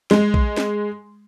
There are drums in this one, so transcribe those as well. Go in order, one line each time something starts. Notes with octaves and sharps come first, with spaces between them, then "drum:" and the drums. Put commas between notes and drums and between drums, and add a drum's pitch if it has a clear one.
G#3, drum: snare
drum: kick A#1
drum: snare